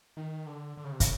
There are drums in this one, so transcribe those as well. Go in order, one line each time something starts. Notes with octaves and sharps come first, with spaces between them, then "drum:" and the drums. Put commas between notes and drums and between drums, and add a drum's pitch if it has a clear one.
D#3
D3
D3
C#3
C3
C#3, drum: kick, hi-hat